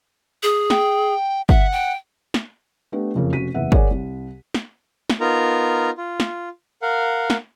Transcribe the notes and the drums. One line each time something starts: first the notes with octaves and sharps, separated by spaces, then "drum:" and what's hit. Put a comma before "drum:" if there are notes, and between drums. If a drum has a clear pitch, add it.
G#4
G5, drum: snare
E5 F#5, drum: kick
G5
drum: snare
A3 B3 D4 G4
F#1 F2 C#3 A#4
F1 C#4 F#4 B6 D#7
F#1 E2 E4 B4 E5 F#5
G#4 A#4 C#5 D5 F#5 G#5, drum: kick
C2
drum: snare
drum: snare
B3 D#4 F4 A#4 A#5
F4
drum: snare
A#4 F5 F#5
drum: snare